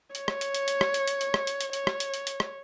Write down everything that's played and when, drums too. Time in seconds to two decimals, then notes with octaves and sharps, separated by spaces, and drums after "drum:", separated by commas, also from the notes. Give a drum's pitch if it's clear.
0.15 C#5, drum: hi-hat
0.28 drum: rim click
0.41 drum: hi-hat
0.54 drum: hi-hat
0.68 drum: hi-hat
0.81 drum: rim click
0.94 drum: hi-hat
1.08 drum: hi-hat
1.21 drum: hi-hat
1.34 drum: rim click
1.47 drum: hi-hat
1.61 drum: hi-hat
1.73 C#5, drum: hi-hat
1.87 drum: rim click
2.00 drum: hi-hat
2.14 drum: hi-hat
2.27 drum: hi-hat
2.40 drum: rim click